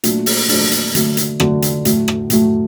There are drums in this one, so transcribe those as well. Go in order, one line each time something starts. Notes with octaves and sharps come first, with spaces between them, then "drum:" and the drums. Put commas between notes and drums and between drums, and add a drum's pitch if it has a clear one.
A#2 F#3 A3 D4, drum: hi-hat
drum: open hi-hat
A#2 F#3 A3 D4, drum: open hi-hat
drum: hi-hat
D3 F#3 A3, drum: hi-hat
drum: hi-hat
D3 F#3 A3, drum: rim click
drum: hi-hat
A2 F#3 A3, drum: hi-hat
drum: rim click
A2 F#3 A3, drum: hi-hat